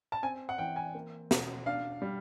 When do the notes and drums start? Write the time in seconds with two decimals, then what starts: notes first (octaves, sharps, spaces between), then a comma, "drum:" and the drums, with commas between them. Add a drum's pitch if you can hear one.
0.12 A5
0.23 C4 G#5
0.49 F#5
0.58 E3 G5
0.76 G#5
0.95 A#3
1.31 B2, drum: snare
1.66 D4 F5
2.02 G3